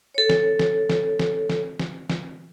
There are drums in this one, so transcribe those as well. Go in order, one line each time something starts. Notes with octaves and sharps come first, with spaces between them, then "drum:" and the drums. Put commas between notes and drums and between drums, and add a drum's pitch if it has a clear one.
A4 C#5
drum: snare
drum: snare
drum: snare
drum: snare
drum: snare
drum: snare
drum: snare